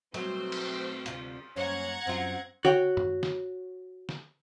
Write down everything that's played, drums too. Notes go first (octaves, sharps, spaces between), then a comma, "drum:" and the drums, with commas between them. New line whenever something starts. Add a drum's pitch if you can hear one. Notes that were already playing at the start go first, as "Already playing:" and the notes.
B2 F#3 A3 C4 C5, drum: hi-hat
drum: cymbal
D2 C3 F4, drum: hi-hat
F#2 A#3 C#4 C5 C#5 F#5 A#5 G#6
F#2 C4 F4
F#4 C#5 G5, drum: tom D3
drum: tom F#2
drum: snare
drum: snare